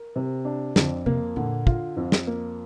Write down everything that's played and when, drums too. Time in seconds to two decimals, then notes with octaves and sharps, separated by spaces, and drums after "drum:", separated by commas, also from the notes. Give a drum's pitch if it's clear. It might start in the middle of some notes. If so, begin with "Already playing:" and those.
Already playing: A#4
0.16 C3
0.45 D4
0.76 F2 D3, drum: snare
1.06 C3 A#3
1.36 A#2 D3
1.67 F4, drum: kick
1.97 F2
2.12 drum: snare
2.27 A#3